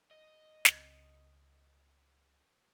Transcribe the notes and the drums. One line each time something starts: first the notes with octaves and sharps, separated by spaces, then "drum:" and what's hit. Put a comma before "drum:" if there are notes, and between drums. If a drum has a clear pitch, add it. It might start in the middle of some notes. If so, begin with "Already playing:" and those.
D#5
C#2 C4, drum: snare